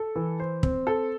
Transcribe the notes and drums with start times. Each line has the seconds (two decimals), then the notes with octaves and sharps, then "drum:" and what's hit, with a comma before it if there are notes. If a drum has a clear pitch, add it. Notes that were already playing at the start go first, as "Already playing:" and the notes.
Already playing: A4
0.16 E3
0.40 C5
0.63 C4, drum: kick
0.87 A4